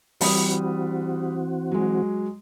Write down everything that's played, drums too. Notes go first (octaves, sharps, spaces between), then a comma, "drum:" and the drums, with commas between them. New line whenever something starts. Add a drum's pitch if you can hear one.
E3 G3 C4 F#4 B5 D#6, drum: open hi-hat
F#3 G#3